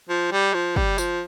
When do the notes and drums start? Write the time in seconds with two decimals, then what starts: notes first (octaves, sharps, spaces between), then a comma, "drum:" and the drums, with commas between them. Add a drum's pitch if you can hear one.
0.09 F3
0.32 G3
0.54 F3
0.76 G3, drum: kick
0.98 F3, drum: tambourine